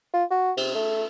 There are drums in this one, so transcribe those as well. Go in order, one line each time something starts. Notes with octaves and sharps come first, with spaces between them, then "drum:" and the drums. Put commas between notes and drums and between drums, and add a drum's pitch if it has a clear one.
F4
F#4
C3, drum: cymbal
A3